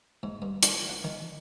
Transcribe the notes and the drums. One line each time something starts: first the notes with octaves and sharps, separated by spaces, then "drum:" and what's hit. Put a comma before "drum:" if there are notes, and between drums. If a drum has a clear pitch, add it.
G#2
G2
D4, drum: hi-hat
F#5
D#3